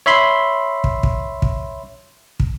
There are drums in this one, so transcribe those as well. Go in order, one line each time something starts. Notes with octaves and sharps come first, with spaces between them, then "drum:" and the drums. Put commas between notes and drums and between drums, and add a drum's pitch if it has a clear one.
C#5 E5 B5 C6
drum: kick
drum: kick
drum: kick
drum: kick